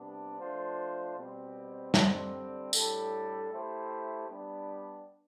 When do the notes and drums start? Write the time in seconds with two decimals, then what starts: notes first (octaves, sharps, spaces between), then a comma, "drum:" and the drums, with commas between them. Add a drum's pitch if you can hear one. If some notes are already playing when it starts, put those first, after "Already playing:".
Already playing: C3 G3 B3 D4
0.38 F3 A3 D4 F4 C5
1.16 B2 G3 C4
1.94 D3 G3 C4, drum: snare
2.73 A2 G3 D4 A4, drum: tambourine
3.50 A3 E4 G4 C5
4.28 G3 B3 D4